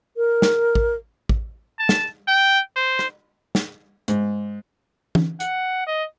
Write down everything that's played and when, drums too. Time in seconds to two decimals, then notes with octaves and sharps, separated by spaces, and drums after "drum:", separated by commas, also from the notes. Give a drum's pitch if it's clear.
0.17 A#4
0.42 drum: snare
0.75 drum: kick
1.29 drum: kick
1.79 A5
1.89 drum: snare
2.27 G5
2.76 C5
2.99 drum: rim click
3.55 drum: snare
4.08 G#2, drum: hi-hat
5.15 drum: tom
5.40 F#5, drum: hi-hat
5.87 D#5